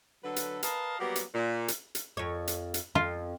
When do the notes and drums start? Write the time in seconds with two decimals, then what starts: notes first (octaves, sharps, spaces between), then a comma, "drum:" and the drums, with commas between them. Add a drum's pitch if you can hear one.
0.23 D3 F#3 A4 B4
0.36 drum: hi-hat
0.63 A#4 B4 D#5 F5 A5, drum: hi-hat
0.99 F#3 G3 A#3 B3 G4
1.16 drum: hi-hat
1.34 A#2
1.68 drum: hi-hat
1.95 drum: hi-hat
2.17 F2 C#5
2.47 drum: hi-hat
2.74 drum: hi-hat
2.95 F2 F4